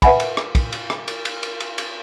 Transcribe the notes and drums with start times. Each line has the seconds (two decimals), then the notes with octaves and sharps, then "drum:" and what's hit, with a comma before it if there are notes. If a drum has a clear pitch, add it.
0.02 B4 E5 F#5 G#5 B5, drum: kick, cymbal
0.20 drum: cymbal
0.37 drum: rim click
0.55 drum: kick, cymbal
0.72 drum: cymbal
0.90 drum: rim click
1.08 drum: cymbal
1.25 drum: cymbal
1.43 drum: cymbal
1.60 drum: cymbal
1.78 drum: cymbal